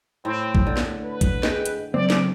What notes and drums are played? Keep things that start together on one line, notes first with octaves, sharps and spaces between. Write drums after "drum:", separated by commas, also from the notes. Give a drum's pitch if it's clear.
A2 C4
drum: kick A#1
D3
drum: snare
B4
drum: kick A#1, hi-hat
G#4 D#5 G5, drum: snare
drum: hi-hat
C#3 F#3 C4 D5
drum: snare